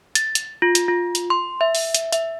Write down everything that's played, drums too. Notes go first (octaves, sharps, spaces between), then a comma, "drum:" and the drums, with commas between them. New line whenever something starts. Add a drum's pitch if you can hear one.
A6, drum: hi-hat
drum: hi-hat
F4
drum: hi-hat
F4
drum: hi-hat
C6
E5
drum: open hi-hat
drum: hi-hat
E5, drum: hi-hat